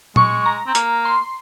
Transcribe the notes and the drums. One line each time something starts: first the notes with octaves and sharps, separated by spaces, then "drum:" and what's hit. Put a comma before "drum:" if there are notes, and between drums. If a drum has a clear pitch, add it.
G#3 C#6, drum: tom A#2
A#5
C4
A#3, drum: hi-hat
C6